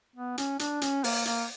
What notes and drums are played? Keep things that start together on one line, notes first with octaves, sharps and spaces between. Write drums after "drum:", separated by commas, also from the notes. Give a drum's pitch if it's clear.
B3
C#4, drum: hi-hat
D4, drum: hi-hat
C#4, drum: hi-hat
A#3, drum: open hi-hat
A#3, drum: hi-hat